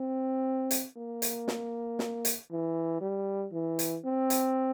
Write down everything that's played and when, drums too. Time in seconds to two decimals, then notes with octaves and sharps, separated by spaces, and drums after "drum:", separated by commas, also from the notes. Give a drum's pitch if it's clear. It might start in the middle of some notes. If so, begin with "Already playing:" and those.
Already playing: C4
0.71 drum: hi-hat
0.96 A#3
1.22 drum: hi-hat
1.48 drum: snare
1.99 drum: snare
2.25 drum: hi-hat
2.51 E3
3.01 G3
3.52 E3
3.79 drum: hi-hat
4.05 C4
4.30 drum: hi-hat